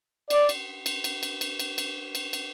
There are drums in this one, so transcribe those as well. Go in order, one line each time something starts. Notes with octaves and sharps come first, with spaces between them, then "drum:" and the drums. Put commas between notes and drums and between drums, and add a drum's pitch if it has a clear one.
D5, drum: cymbal
drum: cymbal
drum: cymbal
drum: cymbal
drum: cymbal
drum: cymbal
drum: cymbal
drum: cymbal
drum: cymbal
drum: cymbal